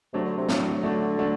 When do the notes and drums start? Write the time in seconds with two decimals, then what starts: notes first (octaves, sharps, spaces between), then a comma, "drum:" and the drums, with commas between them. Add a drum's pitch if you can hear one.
0.13 C3 F#3 A3 D4
0.25 D3
0.38 C3
0.49 A2 F#3 A3 D4, drum: snare
0.83 D3 F#3 A3 D4
1.18 F#3 A3 D4